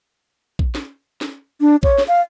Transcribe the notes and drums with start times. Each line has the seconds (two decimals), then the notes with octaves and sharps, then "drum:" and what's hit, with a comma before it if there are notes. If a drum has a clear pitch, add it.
0.59 drum: kick A#1
0.75 drum: snare
1.21 drum: snare
1.61 D4
1.83 C#5, drum: kick A#1
1.98 drum: snare
2.08 F5